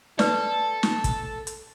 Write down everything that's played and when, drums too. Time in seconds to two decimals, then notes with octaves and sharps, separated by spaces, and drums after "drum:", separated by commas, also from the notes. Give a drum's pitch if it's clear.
0.19 A4 B4 D5, drum: snare
0.83 drum: snare
1.04 drum: kick, hi-hat
1.47 drum: hi-hat